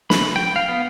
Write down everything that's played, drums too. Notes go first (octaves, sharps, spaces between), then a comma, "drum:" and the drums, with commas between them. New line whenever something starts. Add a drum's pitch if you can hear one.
B5, drum: snare
G5
F5
B3